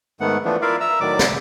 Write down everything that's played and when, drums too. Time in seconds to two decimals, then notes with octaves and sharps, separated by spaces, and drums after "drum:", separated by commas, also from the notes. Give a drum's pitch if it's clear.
0.20 G#2 D#3 A3 B3 F#5
0.45 E3 F3 A3 B3 D4
0.62 E4 F4 A#4 D5 E5 F5
0.80 E5 A#5 E6
1.00 A2 D#3 F#3 D5 D6
1.19 drum: snare